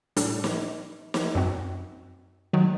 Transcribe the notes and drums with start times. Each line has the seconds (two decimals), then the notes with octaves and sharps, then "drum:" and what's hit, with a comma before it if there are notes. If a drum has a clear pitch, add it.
0.17 A2 G3 D4 A4, drum: hi-hat
0.44 drum: snare
1.14 drum: snare
1.35 F#2 F#3 C4 F#4
2.53 D#3 F#3